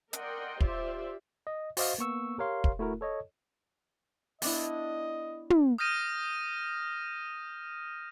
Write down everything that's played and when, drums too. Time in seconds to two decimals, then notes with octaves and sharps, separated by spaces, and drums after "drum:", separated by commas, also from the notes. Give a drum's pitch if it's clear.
0.13 A#4 D5 D#5 F#5 G5 C6, drum: hi-hat
0.60 F4 G4 C5 D5 E5, drum: kick
1.47 D#5
1.77 F#4 C5 D#5 F5, drum: open hi-hat
1.98 A#3 B3 C#6 E6
2.38 G4 A#4 C#5 F5 C6
2.64 drum: kick
2.79 A3 E4 F#4 A#4
3.01 A4 C#5 D#5
4.42 B3 D4 E4 D#5, drum: open hi-hat
5.50 drum: tom
5.78 D#6 F6 G6 A#6 D#7